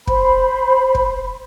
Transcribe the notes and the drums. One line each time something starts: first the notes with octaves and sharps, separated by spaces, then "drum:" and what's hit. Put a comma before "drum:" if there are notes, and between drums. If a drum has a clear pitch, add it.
C5 B5, drum: kick
drum: kick